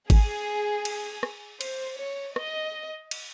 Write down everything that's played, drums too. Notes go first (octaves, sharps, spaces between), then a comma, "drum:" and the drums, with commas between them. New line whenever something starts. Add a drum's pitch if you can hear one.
G#4, drum: kick G#1, cymbal
drum: cymbal
drum: rim click
C5, drum: cymbal
C#5
D#5, drum: rim click
drum: cymbal